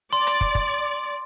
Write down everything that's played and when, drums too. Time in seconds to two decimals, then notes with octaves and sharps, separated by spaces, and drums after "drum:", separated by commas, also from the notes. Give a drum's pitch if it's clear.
0.13 D5 C6
0.27 drum: rim click
0.41 drum: kick
0.55 drum: kick